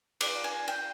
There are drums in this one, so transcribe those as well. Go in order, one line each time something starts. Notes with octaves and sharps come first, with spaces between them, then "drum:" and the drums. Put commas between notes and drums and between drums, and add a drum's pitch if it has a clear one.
D5, drum: cymbal
G#5
G5